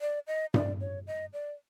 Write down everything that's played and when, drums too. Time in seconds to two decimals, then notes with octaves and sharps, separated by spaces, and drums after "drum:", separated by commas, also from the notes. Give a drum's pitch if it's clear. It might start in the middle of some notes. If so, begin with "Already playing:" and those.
0.01 D5
0.27 D#5
0.54 D5, drum: tom G2
0.81 C#5
1.07 D#5
1.33 D5